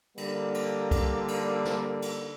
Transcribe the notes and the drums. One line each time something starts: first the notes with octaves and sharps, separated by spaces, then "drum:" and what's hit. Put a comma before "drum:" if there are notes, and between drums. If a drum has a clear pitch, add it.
D3 G3 A#3, drum: cymbal
drum: cymbal
drum: kick, cymbal
drum: cymbal
drum: snare
drum: cymbal